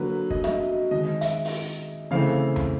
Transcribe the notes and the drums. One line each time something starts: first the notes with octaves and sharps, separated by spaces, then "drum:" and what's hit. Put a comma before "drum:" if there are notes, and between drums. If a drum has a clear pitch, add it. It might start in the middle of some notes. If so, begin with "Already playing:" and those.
Already playing: D3 F#3 A#3 B4
D#5, drum: kick
E5, drum: rim click
D#5
D#3 G#3 C4 D#5
E5, drum: hi-hat
drum: open hi-hat
C#3 E3 A3 C4 F5
drum: tom E2